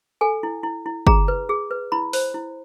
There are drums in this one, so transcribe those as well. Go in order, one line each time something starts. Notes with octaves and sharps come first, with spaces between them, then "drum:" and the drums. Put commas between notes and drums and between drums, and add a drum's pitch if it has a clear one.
A4 G#5
E4
E4
E4
G#4 A#5, drum: kick G1
B4
G#4
B4
E4 B5
C5, drum: open hi-hat
E4